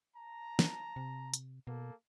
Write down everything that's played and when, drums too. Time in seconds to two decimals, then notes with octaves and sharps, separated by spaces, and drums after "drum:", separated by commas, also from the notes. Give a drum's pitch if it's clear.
0.16 A5 A#5
0.59 drum: snare
0.96 C3
1.34 drum: hi-hat
1.67 B2 A#3 A4